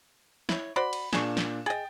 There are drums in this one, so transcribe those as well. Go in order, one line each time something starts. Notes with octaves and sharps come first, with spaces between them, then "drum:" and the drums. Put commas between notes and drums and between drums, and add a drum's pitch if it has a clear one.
E4 C#5, drum: snare
F#4 C5 D5 B5
drum: cymbal
A#2 D4 G#4 F5 C#6 E7, drum: snare
drum: snare
G#4 D#5 G5 A6